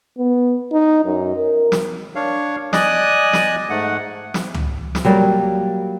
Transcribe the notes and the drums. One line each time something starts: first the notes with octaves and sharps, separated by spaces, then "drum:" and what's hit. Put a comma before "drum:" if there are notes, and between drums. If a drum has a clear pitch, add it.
B3
D#4
F#2
A#4
drum: snare
D4 C#5 F5
D5 D#5 G#5 D#6 F#6, drum: snare
drum: snare
G#2 A3 F#5
drum: snare
drum: tom
drum: snare
F#3 G3 A#3